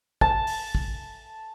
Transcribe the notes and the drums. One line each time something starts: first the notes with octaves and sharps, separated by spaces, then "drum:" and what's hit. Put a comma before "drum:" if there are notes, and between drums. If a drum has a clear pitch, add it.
A5, drum: kick G#1
drum: open hi-hat
drum: kick G#1